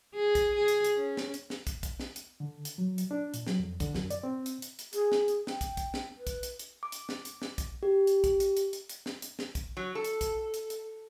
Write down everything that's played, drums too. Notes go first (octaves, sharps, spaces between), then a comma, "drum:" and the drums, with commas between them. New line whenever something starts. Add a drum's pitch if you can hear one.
G#4
drum: kick, hi-hat
G#4
drum: hi-hat
drum: hi-hat
C#4
drum: snare
drum: hi-hat
drum: snare
drum: kick, hi-hat
drum: kick, hi-hat
drum: snare
drum: hi-hat
D3
drum: hi-hat
F#3
drum: hi-hat
D4
A#2, drum: hi-hat
F#3, drum: snare
F2
D3, drum: kick, hi-hat
F#2, drum: snare
D5, drum: hi-hat
C4
drum: hi-hat
drum: hi-hat
drum: hi-hat
G#4, drum: hi-hat
drum: snare
drum: hi-hat
G5, drum: snare
drum: kick, hi-hat
drum: kick, hi-hat
drum: snare
B4
drum: kick, hi-hat
drum: hi-hat
drum: hi-hat
D6
drum: hi-hat
drum: snare
drum: hi-hat
drum: snare
drum: kick, hi-hat
G4
drum: hi-hat
drum: kick, hi-hat
drum: hi-hat
drum: hi-hat
drum: hi-hat
drum: hi-hat
drum: snare
drum: hi-hat
drum: snare
drum: kick, hi-hat
F#3
A4
drum: hi-hat
drum: kick, hi-hat
drum: hi-hat
drum: hi-hat